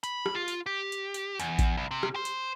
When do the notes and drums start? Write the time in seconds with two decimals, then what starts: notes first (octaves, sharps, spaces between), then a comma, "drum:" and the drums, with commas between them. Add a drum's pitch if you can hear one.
0.04 B5, drum: hi-hat
0.26 drum: rim click
0.35 F4
0.48 drum: hi-hat
0.66 G4
0.92 drum: hi-hat
1.14 drum: hi-hat
1.40 E2, drum: hi-hat
1.59 drum: kick A1, hi-hat
1.77 C2
1.91 C3
2.03 drum: rim click
2.16 C5
2.25 drum: hi-hat